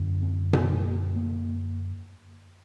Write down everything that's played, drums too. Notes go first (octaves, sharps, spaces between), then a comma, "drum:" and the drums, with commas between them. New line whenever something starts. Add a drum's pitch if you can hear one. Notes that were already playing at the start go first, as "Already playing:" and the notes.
Already playing: F#2 D3
C4
B3, drum: tom B2
A3
A#3
A#3